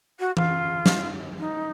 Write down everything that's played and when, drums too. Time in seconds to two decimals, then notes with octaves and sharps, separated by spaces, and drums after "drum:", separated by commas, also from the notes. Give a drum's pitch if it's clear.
0.19 F#4
0.37 F4, drum: tom E3
0.86 drum: snare
1.38 D#4